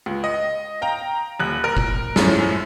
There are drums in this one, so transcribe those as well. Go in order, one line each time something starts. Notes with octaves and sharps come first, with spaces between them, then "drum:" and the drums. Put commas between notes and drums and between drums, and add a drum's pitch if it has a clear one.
C#2
D#5
F5 G5 A#5
D#1 F#6
A#4
drum: kick
F#2 A2 F3 G#3 A3 C#4, drum: snare